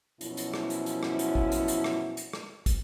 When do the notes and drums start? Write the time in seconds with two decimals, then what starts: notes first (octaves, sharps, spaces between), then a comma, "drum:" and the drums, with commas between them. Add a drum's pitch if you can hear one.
0.21 F#2 B2 F3 C#4 E4, drum: hi-hat
0.37 drum: hi-hat
0.54 drum: rim click
0.70 drum: hi-hat
0.86 drum: hi-hat
1.03 drum: rim click
1.19 drum: hi-hat
1.35 drum: kick
1.52 drum: hi-hat
1.68 drum: hi-hat
1.84 drum: rim click
2.17 drum: hi-hat
2.33 drum: rim click
2.66 drum: kick, hi-hat